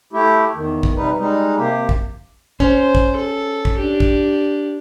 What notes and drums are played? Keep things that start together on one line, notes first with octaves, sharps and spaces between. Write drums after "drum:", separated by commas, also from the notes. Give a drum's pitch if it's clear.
A3 E4 G4
E2 D#3
drum: kick
C3 G3 D#4 B4
G3 G#3 D#4
C3 A#3 G4
drum: kick
C#4 C5, drum: kick
drum: kick
A4
drum: kick
D4 G4
drum: kick